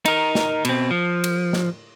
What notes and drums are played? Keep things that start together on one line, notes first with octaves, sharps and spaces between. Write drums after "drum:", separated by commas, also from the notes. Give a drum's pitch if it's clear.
D#4 A#4, drum: cymbal
drum: snare
B2 C4, drum: cymbal
F3
drum: cymbal
drum: snare